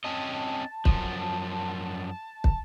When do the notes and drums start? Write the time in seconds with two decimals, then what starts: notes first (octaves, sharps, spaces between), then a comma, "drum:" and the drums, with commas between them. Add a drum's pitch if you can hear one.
0.04 C4 C#4 D#5 A5
0.85 F#2 F3, drum: kick
2.44 drum: kick